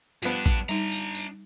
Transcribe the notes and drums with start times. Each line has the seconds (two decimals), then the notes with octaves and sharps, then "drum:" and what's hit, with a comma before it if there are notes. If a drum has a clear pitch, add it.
0.23 G2 F3 B3 D4, drum: tambourine
0.46 drum: kick A1, tambourine
0.69 G3 D4 D#4 A#5, drum: tambourine
0.92 drum: tambourine
1.15 drum: tambourine